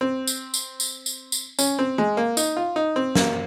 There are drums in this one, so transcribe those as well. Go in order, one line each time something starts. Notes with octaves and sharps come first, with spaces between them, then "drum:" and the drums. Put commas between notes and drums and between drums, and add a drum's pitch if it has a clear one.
C4
drum: tambourine
drum: tambourine
drum: tambourine
drum: tambourine
drum: tambourine
C#4, drum: tambourine
C4
G#3
A#3
D#4, drum: tambourine
F4
D#4
C4
A#3, drum: snare